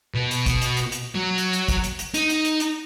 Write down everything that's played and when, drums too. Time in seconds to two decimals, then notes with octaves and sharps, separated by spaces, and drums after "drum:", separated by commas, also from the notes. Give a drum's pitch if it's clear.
0.14 B2
0.31 drum: hi-hat
0.46 drum: kick, hi-hat
0.62 drum: hi-hat
0.77 drum: hi-hat
0.92 drum: hi-hat
1.15 F#3
1.38 drum: hi-hat
1.53 drum: hi-hat
1.68 drum: kick, hi-hat
1.84 drum: hi-hat
1.99 drum: hi-hat
2.14 D#4, drum: hi-hat
2.30 drum: hi-hat
2.45 drum: hi-hat
2.60 drum: hi-hat